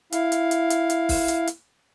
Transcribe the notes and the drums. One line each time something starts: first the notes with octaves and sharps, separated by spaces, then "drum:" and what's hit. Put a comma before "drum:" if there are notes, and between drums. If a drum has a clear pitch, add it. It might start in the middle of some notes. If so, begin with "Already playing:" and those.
E4 F5, drum: hi-hat
drum: hi-hat
drum: hi-hat
drum: hi-hat
drum: hi-hat
drum: kick, open hi-hat
drum: hi-hat
drum: hi-hat